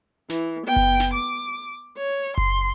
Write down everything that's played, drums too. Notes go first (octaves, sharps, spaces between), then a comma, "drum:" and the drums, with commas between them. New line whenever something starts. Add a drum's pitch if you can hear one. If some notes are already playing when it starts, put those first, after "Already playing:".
E3, drum: snare
B3 G5
drum: kick F#1
drum: snare
D6
C#5
C6, drum: kick F#1